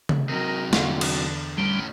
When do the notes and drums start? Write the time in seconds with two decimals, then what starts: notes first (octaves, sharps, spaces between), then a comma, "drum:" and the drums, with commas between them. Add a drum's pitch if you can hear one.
0.09 drum: tom C#3
0.29 C3 F#3 A#4 D#5
0.73 E2 D3, drum: snare
1.01 drum: cymbal
1.58 A2 G3 C#4